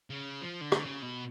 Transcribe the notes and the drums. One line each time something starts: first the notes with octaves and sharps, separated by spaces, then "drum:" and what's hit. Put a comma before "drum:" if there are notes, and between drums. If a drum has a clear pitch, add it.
C#3
F3
D3
drum: rim click
C#3
B2